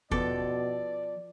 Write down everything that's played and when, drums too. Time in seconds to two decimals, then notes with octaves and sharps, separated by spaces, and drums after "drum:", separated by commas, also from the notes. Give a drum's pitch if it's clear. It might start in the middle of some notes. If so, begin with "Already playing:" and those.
0.11 B2 F3 B3 A4 D5 D6, drum: kick E2